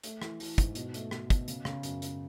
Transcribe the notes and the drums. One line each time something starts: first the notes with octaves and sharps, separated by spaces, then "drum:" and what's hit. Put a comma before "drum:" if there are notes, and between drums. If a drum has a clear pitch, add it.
A3, drum: hi-hat
E3, drum: rim click
E3, drum: open hi-hat
G#2, drum: kick, hi-hat
B2, drum: hi-hat
A3, drum: hi-hat
B2, drum: rim click
B2, drum: kick, hi-hat
C#3, drum: hi-hat
C#3, drum: rim click
F#2, drum: hi-hat
F#2, drum: hi-hat